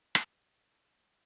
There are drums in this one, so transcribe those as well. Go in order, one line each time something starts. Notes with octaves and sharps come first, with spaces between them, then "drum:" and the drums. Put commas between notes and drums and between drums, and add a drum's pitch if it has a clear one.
drum: rim click
D2 A2
B3 F#6